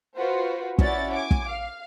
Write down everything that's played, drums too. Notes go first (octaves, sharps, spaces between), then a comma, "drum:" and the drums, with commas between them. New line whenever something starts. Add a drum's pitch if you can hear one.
F4 F#4 B4 C5
C#4 E4 F#4 D5 A6, drum: kick
G#5 D6
drum: kick
F5